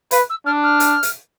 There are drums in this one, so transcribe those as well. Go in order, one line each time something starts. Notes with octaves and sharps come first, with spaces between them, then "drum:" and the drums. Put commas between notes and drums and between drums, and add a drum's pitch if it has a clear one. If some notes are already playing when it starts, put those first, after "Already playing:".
B4 F5, drum: hi-hat
E6
D4 F6
F6
drum: hi-hat
drum: hi-hat